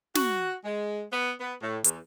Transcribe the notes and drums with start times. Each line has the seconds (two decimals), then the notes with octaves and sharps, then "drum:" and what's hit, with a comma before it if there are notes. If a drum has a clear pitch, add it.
0.15 F#4, drum: snare
0.64 G#3
1.12 B3
1.40 B3
1.62 A2
1.84 E2, drum: hi-hat